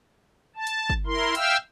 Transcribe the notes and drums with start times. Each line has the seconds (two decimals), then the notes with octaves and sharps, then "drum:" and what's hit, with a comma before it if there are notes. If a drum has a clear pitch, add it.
0.56 A5
0.67 drum: hi-hat
0.90 drum: kick
1.06 E4 A#4 C6
1.35 E5 F5 G5 E6 F6, drum: hi-hat